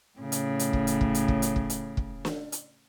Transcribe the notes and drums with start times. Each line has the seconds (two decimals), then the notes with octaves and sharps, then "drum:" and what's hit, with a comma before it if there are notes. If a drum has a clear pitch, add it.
0.18 A2 C#3
0.32 drum: hi-hat
0.59 drum: hi-hat
0.73 drum: kick
0.87 drum: hi-hat
1.01 drum: kick
1.15 drum: hi-hat
1.28 drum: kick
1.42 drum: hi-hat
1.56 drum: kick
1.70 drum: hi-hat
1.97 drum: kick
2.25 drum: snare
2.52 drum: hi-hat